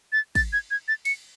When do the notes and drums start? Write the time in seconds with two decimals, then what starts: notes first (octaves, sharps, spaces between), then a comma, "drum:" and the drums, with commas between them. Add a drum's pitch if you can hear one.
0.12 A6
0.35 A6, drum: kick, cymbal
0.53 G#6
0.71 G#6
0.88 A6
1.05 C#7, drum: cymbal